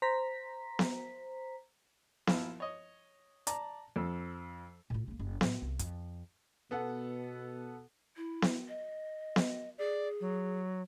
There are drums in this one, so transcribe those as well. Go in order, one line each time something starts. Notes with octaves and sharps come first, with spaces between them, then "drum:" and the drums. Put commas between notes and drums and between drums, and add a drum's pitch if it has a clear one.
C5 A#5 B6
drum: snare B3
A#1 F3 E4, drum: snare B3
C#5 D#5
D5 A5 A#5, drum: hi-hat
F2 A4
A2 F4
C#2 A#3
F#1
A2 F#3, drum: snare B3
C2
F2, drum: hi-hat
B2 B3 A4 F#5
E4
drum: snare B3
D#5
drum: snare B3
G#4 D5
F#3